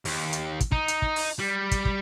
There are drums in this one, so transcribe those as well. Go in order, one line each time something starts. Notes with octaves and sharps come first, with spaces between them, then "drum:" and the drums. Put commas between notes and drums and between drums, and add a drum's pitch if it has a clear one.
D#2, drum: open hi-hat
drum: hi-hat
drum: kick, hi-hat
D#4, drum: kick
drum: hi-hat
drum: kick
drum: open hi-hat
G3
drum: kick, hi-hat
drum: kick